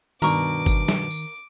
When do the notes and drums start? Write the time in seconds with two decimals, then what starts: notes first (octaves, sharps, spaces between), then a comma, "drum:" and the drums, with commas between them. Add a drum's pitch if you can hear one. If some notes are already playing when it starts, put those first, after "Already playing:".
0.22 G2 B2 D#3 D4 A#4 C#6 D6, drum: tambourine
0.66 drum: kick G1, tambourine
0.88 drum: snare G3
1.11 drum: tambourine